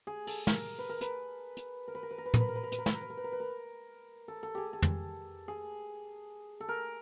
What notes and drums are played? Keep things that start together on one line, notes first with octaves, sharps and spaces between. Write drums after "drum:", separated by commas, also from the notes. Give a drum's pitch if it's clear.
G#4
A4, drum: open hi-hat
A#4, drum: snare
B4
A#4
B4, drum: hi-hat
drum: hi-hat
A#4
B4
A#4
B4
A#4
B4
A#4, drum: tom
B4
A#4
B4
A#4
B4, drum: hi-hat
A#4
B4, drum: snare
A#4
B4
A#4
B4
A#4
B4
A#4
A4
A4
G4 G#4
A4
drum: tom
G#4
A4
A#4